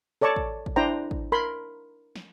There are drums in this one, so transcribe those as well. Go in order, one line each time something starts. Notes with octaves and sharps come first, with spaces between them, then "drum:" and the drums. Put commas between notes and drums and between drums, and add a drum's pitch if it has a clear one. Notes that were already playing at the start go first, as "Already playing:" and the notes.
A4 C#5 D5 A5 C#6
drum: kick
drum: kick
D4 E4 C5 G5 A#5
drum: kick
A#4 B5 C6
drum: snare